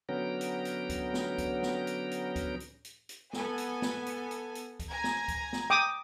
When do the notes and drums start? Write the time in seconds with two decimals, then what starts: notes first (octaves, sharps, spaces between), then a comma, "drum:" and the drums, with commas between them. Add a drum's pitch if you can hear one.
0.09 D3 F#3 B3 C#4 G5 A#5
0.41 drum: hi-hat
0.65 drum: hi-hat
0.90 drum: kick C#2, hi-hat
1.14 drum: snare
1.38 drum: kick C#2, hi-hat
1.63 drum: snare
1.87 drum: hi-hat
2.11 drum: hi-hat
2.36 drum: kick C#2, hi-hat
2.60 drum: hi-hat
2.85 drum: hi-hat
3.09 drum: hi-hat
3.33 B3 A4 G#5, drum: snare
3.58 drum: hi-hat
3.82 drum: snare
4.06 drum: hi-hat
4.31 drum: hi-hat
4.55 drum: hi-hat
4.80 drum: kick C#2, hi-hat
4.90 G#5 A#5 G#6
5.04 drum: snare
5.28 drum: kick C#2, hi-hat
5.53 drum: snare
5.70 G5 D6 D#6